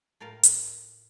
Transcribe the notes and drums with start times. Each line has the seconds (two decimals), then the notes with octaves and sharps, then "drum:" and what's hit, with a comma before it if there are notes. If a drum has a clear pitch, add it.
0.20 A2 F4 A#4 F5
0.43 drum: hi-hat